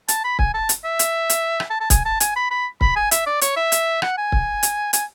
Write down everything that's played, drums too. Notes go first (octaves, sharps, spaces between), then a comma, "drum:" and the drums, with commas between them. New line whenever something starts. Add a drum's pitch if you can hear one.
A5, drum: hi-hat
B5
G#5, drum: kick C#1
A5
drum: hi-hat
E5
drum: hi-hat
drum: hi-hat
drum: rim click
A5
A5
G#5, drum: kick C#1, hi-hat
A5
G#5, drum: hi-hat
B5
B5
B5, drum: kick C#1
G#5
E5, drum: hi-hat
D5
C#5, drum: hi-hat
E5
drum: hi-hat
F#5, drum: rim click
G#5
drum: kick C#1
drum: hi-hat
G#5, drum: hi-hat